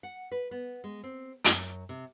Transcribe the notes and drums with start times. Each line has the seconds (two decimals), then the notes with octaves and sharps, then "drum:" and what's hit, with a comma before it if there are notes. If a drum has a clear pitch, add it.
0.03 F#5
0.32 B4
0.51 B3
0.84 G#3
1.04 C4
1.44 F#2, drum: hi-hat
1.89 C3